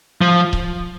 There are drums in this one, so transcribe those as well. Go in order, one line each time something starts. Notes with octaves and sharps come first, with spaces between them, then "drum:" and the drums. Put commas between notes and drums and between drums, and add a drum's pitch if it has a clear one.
F3
drum: kick C#1